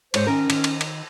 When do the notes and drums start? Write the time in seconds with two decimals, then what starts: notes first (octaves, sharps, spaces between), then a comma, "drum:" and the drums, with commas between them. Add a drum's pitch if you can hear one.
0.14 G#2 C5 C#5, drum: cymbal
0.27 D#3 C#4 A#4
0.50 D#3, drum: cymbal
0.64 drum: cymbal
0.81 drum: cymbal